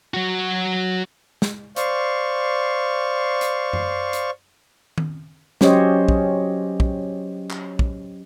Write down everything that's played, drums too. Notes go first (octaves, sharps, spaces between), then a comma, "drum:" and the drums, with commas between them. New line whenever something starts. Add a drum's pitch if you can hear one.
F#3 F#4
drum: snare
C5 D5 F5 C#6, drum: hi-hat
drum: hi-hat
drum: tom F#2
drum: hi-hat
drum: tom D#3
F#3 C#4 G4 C5 C#5 D#5, drum: snare
drum: kick
drum: kick
drum: clap
drum: kick